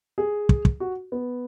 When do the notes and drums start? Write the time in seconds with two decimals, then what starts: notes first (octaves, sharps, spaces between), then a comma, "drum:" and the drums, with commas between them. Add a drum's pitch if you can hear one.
0.18 G#4
0.49 drum: kick
0.65 drum: kick
0.80 F#4
1.12 B3